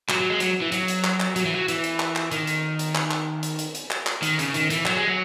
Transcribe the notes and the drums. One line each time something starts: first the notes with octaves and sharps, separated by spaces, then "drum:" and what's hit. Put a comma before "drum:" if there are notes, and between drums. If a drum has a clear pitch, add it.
F#3, drum: clap
F#3
G#3
F#3, drum: hi-hat
E3
F#3, drum: hi-hat
drum: hi-hat
drum: clap
drum: clap
F#3, drum: hi-hat
E3
F#3
E3, drum: hi-hat
drum: hi-hat
drum: clap
drum: clap
D#3, drum: hi-hat
drum: hi-hat
drum: hi-hat
drum: clap
drum: clap
drum: hi-hat
drum: hi-hat
drum: hi-hat
drum: clap
drum: clap
D#3, drum: hi-hat
C#3, drum: hi-hat
D#3, drum: hi-hat
E3, drum: hi-hat
F#3, drum: clap
G#3
F#3